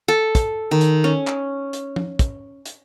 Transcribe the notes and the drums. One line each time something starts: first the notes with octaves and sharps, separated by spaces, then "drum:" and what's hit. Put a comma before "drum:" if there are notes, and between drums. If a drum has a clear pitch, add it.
A4
drum: kick, hi-hat
D#3
drum: hi-hat
C#4
drum: clap
drum: hi-hat
drum: tom F3
drum: kick, hi-hat
drum: hi-hat